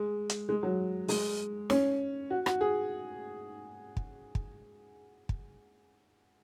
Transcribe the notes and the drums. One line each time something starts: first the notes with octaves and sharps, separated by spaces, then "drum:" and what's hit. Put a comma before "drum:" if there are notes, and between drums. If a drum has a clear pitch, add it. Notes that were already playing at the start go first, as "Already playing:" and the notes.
Already playing: G#3
drum: hi-hat
G#3
F#3
G#3, drum: open hi-hat
C#4, drum: snare
F#4
F#4, drum: rim click
G#4
drum: kick
drum: kick
drum: kick